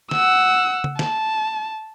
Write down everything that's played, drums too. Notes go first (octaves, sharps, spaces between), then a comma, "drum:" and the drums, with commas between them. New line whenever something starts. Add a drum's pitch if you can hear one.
F#5 E6, drum: snare
drum: tom C#3
A5, drum: snare